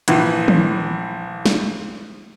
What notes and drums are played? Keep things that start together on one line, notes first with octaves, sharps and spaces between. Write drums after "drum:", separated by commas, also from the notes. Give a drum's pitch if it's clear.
A#1 E3, drum: hi-hat
drum: tom D#3
drum: snare